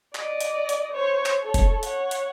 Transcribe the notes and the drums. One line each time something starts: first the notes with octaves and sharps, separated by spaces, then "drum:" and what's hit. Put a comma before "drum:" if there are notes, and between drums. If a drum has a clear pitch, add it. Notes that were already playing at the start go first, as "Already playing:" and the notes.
D5 D#5, drum: clap
drum: hi-hat
drum: hi-hat
C5 C#5
drum: clap
A4 C#5
drum: kick F1, hi-hat
C#5 F#5, drum: hi-hat
drum: hi-hat